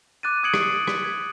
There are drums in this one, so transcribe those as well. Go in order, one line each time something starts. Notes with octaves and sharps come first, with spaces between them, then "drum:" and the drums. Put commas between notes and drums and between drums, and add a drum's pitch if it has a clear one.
D6 F#6 A6 D#7
D#6 F#6 G#6 C#7 D7 F#7
drum: rim click
drum: rim click
G#6